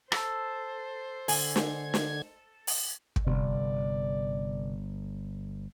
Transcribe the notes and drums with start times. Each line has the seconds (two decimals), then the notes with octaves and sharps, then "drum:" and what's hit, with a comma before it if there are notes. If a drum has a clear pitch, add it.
0.12 A4 C5, drum: rim click
1.28 D3 G#5 G#6, drum: open hi-hat
1.56 drum: snare
1.94 drum: snare
2.67 drum: open hi-hat
3.16 drum: kick
3.27 G1 C3 D5